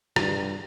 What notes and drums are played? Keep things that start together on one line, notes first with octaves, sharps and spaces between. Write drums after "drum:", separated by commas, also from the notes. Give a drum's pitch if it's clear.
G2, drum: rim click